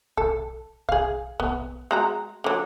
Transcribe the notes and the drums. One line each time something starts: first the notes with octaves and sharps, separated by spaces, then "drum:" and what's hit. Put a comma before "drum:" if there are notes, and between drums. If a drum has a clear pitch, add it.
A4, drum: kick
G#4 F5, drum: kick
B3, drum: kick
G#3 F#4 A#5
D3 F#3